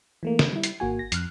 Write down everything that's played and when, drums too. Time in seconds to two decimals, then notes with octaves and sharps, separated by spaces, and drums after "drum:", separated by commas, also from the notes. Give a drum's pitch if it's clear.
0.23 E3 A3 A#3
0.39 drum: snare
0.52 G3 E4
0.63 drum: hi-hat
0.80 G#1 A#3 F#4 G#5
0.99 A#6
1.12 F2 F6 F#6, drum: hi-hat